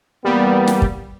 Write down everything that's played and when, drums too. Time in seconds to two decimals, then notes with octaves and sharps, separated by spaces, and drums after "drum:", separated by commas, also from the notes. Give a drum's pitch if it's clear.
0.24 E2 G3 A#3 B3
0.67 drum: snare
0.82 drum: kick